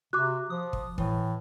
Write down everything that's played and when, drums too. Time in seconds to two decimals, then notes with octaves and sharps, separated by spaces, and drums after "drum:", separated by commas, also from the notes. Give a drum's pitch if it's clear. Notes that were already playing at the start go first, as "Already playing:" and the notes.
0.13 C3 F#4 D6 F#6
0.50 F3 D#6
0.73 drum: kick
0.98 A2 E3, drum: kick